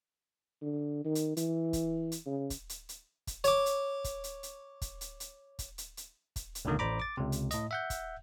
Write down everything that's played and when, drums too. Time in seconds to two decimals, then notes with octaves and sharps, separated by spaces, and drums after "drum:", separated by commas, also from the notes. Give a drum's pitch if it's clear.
0.62 D3
1.05 D#3
1.15 drum: hi-hat
1.37 E3, drum: hi-hat
1.73 drum: kick, hi-hat
2.12 drum: hi-hat
2.26 C#3
2.50 drum: kick, hi-hat
2.69 drum: hi-hat
2.89 drum: hi-hat
3.27 drum: kick, hi-hat
3.44 C#5 D6, drum: hi-hat
3.66 drum: hi-hat
4.04 drum: kick, hi-hat
4.24 drum: hi-hat
4.43 drum: hi-hat
4.82 drum: kick, hi-hat
5.01 drum: hi-hat
5.20 drum: hi-hat
5.59 drum: kick, hi-hat
5.78 drum: hi-hat
5.97 drum: hi-hat
6.36 drum: kick, hi-hat
6.55 drum: hi-hat
6.65 C#2 B2 D3 D#3 A#3
6.79 A1 C5 D5 A#5 B5 D6
7.00 D6 A6
7.17 C#2 C3
7.32 drum: hi-hat
7.51 A2 D#5, drum: hi-hat
7.71 E5 F#5 G6
7.90 drum: kick, hi-hat